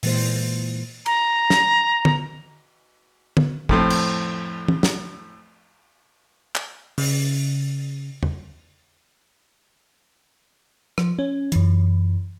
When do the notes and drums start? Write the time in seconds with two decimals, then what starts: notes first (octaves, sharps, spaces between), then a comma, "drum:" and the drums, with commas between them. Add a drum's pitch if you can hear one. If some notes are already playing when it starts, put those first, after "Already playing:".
0.03 A#2 E3 G#3 A#3 C5, drum: open hi-hat
1.06 A#5, drum: cymbal
1.50 drum: snare
2.05 drum: tom
3.37 drum: tom
3.69 F2 A2 C4, drum: kick
3.90 drum: cymbal
4.68 drum: tom
4.83 drum: snare
6.55 drum: clap
6.98 C#3, drum: open hi-hat
8.23 drum: tom E2
10.98 F3, drum: rim click
11.19 C#4
11.52 F#2 E3, drum: hi-hat